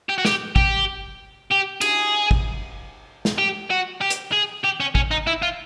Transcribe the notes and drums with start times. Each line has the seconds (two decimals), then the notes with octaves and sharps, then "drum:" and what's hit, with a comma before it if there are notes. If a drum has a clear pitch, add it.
0.09 G4
0.18 F#4
0.25 G4, drum: snare
0.56 G4, drum: kick
1.51 G4
1.81 G#4, drum: cymbal
2.31 drum: kick
3.25 drum: snare
3.38 G4
3.70 F#4
4.01 G4
4.10 drum: hi-hat
4.32 G#4
4.64 G4
4.80 C#4
4.95 C#4, drum: kick
5.11 D#4
5.27 E4
5.42 F4